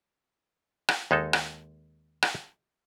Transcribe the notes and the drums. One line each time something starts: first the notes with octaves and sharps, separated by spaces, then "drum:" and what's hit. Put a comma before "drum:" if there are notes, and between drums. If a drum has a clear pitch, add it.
drum: rim click
D#2 G#3 D#4 A4
drum: rim click
drum: rim click